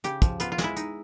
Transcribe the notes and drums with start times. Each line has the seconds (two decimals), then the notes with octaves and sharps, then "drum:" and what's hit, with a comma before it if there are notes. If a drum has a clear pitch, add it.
0.04 C#3 G4, drum: hi-hat
0.22 F3, drum: kick, hi-hat
0.40 B3 F4, drum: hi-hat
0.52 F4
0.58 G#3, drum: snare
0.64 E4
0.76 D#4, drum: hi-hat